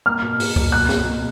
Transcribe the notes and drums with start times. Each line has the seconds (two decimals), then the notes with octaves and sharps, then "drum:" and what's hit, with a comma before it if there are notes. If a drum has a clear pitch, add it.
0.06 A#3 F6
0.22 B2
0.40 B2, drum: open hi-hat
0.56 F#3, drum: kick C#2
0.72 A#3 F#6
0.89 B2, drum: snare
1.06 B2